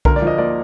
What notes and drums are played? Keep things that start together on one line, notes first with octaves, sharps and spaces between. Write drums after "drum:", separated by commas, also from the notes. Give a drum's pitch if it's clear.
D2 A#4, drum: kick B1
D5
F3 D#5
A#3 D5